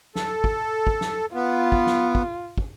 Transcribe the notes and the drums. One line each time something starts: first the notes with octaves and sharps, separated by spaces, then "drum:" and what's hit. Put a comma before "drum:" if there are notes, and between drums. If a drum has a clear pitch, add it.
A4, drum: snare
drum: kick
drum: kick
drum: snare
B3 F4
drum: kick
drum: snare
drum: kick
drum: kick